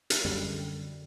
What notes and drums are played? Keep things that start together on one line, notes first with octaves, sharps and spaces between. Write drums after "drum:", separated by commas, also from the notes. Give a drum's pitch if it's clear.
drum: hi-hat
F#2 D3 G3